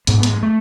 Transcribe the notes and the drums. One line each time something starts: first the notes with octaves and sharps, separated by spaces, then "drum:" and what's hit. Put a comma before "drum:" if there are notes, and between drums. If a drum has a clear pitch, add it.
G#2 B3, drum: hi-hat
B3
G#2, drum: hi-hat
G#3
A3